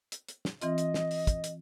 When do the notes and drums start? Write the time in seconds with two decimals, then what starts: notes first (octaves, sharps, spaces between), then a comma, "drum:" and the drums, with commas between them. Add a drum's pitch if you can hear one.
0.12 drum: hi-hat
0.29 drum: hi-hat
0.45 drum: snare
0.61 E3 C4 F4 D#5, drum: hi-hat
0.78 drum: hi-hat
0.94 drum: snare
1.11 drum: open hi-hat
1.27 drum: kick, hi-hat
1.44 drum: hi-hat